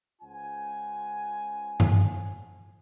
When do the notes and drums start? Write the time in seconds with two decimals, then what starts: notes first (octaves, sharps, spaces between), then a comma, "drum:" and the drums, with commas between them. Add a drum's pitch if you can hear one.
0.22 C#2 F4 C5 F#5 G#5
1.80 drum: tom G2